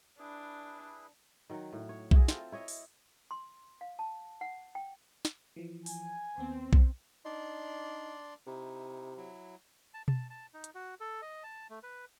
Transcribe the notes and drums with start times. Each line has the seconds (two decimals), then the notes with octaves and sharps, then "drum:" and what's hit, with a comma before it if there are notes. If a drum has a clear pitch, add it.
0.19 D4 E4 G#4 B4
1.50 D#3 F#3 F#5
1.73 A2
1.89 C#5
2.11 E4 F#4 G#4, drum: kick B1
2.28 C4 F4 A4 F5, drum: snare
2.52 E4 C#5 D#5
2.68 drum: open hi-hat
3.31 C6
3.81 F5
3.99 A5
4.41 F#5
4.75 G5
5.25 drum: snare
5.56 E3 F3
5.86 G#5, drum: open hi-hat
6.38 D#2 B3 C4
6.73 drum: kick B1
7.25 D4 D#4 D5 C6
8.47 C3 D#4 E4
9.17 F#3 E4
9.94 A5
10.08 A5, drum: tom B2
10.30 A5
10.54 D#4
10.64 drum: hi-hat
10.75 F#4
11.00 A4
11.22 D#5
11.43 A5
11.70 A3
11.83 B4